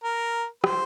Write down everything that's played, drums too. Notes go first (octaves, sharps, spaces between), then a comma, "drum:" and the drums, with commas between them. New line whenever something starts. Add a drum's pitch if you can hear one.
A#4
C5, drum: rim click